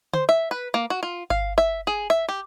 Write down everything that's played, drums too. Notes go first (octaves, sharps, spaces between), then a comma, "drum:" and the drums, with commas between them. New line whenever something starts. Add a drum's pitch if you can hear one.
C5, drum: tom
E5
B4
A#3
F#4
F4
F5, drum: kick G1
E5
G#4
E5
G4